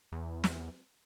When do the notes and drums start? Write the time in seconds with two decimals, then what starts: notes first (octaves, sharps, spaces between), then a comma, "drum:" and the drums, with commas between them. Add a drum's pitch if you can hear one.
0.12 E2
0.44 drum: snare